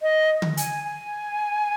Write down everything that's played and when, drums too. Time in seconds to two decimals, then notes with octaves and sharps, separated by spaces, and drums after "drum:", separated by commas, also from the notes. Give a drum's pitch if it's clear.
0.02 D#5
0.42 drum: tom D3
0.57 G#5, drum: hi-hat
0.84 G#5